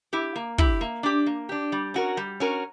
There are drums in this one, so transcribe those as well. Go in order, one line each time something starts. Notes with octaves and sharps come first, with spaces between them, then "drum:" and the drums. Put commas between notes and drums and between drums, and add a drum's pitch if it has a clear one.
E4 G4
A#3
E4 G4, drum: kick
A#3
D4 G4
A#3
D4 G4
G3
C#4 F#4 A#4
G3
C#4 F#4 A#4